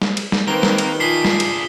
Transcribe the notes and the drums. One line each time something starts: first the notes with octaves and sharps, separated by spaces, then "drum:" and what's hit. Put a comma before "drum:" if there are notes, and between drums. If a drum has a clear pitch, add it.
drum: snare
drum: cymbal
drum: snare
D#3 A#3 C4 A#4 B4 G7
drum: snare
drum: cymbal
D4 F4 G#4 B6 C7 G7
drum: snare
drum: cymbal